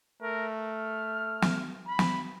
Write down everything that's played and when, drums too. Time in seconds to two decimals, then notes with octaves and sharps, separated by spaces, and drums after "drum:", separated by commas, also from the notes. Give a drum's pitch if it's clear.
0.22 A3 A#4
0.57 F6
1.42 drum: snare
1.88 B5
1.99 drum: snare